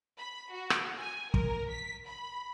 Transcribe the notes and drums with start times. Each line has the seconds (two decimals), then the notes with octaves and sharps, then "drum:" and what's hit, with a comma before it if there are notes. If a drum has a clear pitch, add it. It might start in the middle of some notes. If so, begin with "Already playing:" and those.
0.19 B5
0.53 F#4
0.70 drum: rim click
0.98 G#5
1.34 A#4, drum: kick
1.70 B6
2.07 B5